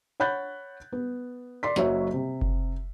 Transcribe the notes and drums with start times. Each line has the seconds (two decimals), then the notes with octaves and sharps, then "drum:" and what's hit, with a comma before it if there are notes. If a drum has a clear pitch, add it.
0.20 C#5 F#5 B5 F#6 G6 A6
0.92 B3
1.63 D5 C6 B6
1.76 F#1 F#3 F#4 C#5 E5, drum: snare
2.14 C3
2.41 drum: kick F#1